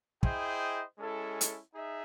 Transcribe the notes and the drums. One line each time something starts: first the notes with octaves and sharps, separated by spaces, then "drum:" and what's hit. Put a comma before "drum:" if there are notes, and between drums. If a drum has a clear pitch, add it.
E4 G#4 C5 D#5 G5, drum: kick
G#3 C#4 E4 A4
drum: hi-hat
D#4 G#4 E5